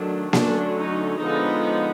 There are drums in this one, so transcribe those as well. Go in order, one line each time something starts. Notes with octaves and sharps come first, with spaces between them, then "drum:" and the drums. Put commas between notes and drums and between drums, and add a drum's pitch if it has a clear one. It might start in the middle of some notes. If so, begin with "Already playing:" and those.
Already playing: D#3 F#3 A3 D4
D3 F#3 A3 C#4 D4, drum: snare A#3
D#4
D3 F3 G#3 B3 D#4